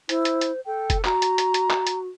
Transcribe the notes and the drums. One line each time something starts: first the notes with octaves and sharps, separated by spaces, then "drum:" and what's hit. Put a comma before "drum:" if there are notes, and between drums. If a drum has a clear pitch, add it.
E4 C5, drum: hi-hat
drum: hi-hat
drum: hi-hat
A4 G5
drum: kick F1, hi-hat
F#4 A#5, drum: clap
drum: hi-hat
drum: hi-hat
drum: hi-hat
drum: clap
drum: hi-hat